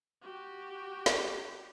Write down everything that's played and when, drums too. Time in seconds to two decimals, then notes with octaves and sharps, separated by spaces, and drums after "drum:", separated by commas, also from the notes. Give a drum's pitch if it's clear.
0.22 F#4 G4
1.06 drum: snare